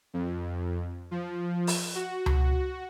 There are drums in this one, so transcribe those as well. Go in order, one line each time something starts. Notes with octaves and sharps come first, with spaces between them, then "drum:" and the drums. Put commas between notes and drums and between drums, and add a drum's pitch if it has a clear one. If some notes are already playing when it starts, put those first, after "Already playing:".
F2
F3
drum: open hi-hat
F#4
drum: tom C#2